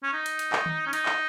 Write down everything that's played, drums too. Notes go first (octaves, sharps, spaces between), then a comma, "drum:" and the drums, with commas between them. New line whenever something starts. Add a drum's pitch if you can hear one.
C#4
D#4
drum: hi-hat
drum: hi-hat
drum: clap
drum: tom D#3
C#4
D#4, drum: hi-hat
drum: clap